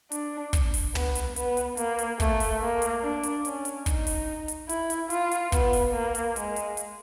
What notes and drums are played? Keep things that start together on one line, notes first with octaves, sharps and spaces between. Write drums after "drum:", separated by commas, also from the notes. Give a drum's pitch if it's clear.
D4, drum: hi-hat
drum: kick, hi-hat
drum: open hi-hat
B3, drum: tom
drum: hi-hat
B3, drum: hi-hat
drum: hi-hat
A#3, drum: hi-hat
drum: hi-hat
A3, drum: kick, hi-hat
drum: open hi-hat
A#3
drum: hi-hat
D4
drum: hi-hat
C#4, drum: hi-hat
drum: hi-hat
D#4, drum: kick, hi-hat
drum: open hi-hat
drum: hi-hat
E4, drum: hi-hat
drum: hi-hat
F4, drum: hi-hat
drum: hi-hat
B3, drum: kick, hi-hat
drum: open hi-hat
A#3
drum: hi-hat
G#3, drum: hi-hat
drum: hi-hat
drum: hi-hat